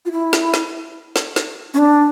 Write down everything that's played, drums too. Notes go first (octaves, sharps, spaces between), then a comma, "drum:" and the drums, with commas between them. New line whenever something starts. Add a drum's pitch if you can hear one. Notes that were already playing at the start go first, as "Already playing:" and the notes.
F4
E4
drum: snare
drum: snare
drum: snare
drum: snare
C#4
D4